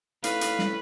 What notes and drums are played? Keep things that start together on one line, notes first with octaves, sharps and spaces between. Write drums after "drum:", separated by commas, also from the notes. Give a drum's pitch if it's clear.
A2 B4 F5, drum: hi-hat
drum: hi-hat
drum: snare